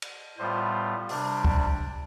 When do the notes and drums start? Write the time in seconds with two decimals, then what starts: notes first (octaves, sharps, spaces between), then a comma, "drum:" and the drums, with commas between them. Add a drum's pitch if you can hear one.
0.02 drum: cymbal
0.38 A2 G3 B3 F4 C5
1.09 C3 G3 D4, drum: open hi-hat
1.45 D5, drum: kick C#2